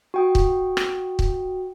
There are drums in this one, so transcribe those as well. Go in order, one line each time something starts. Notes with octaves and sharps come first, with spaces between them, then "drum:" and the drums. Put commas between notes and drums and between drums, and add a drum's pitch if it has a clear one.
F#4 G5 D#6
drum: kick
drum: rim click
drum: kick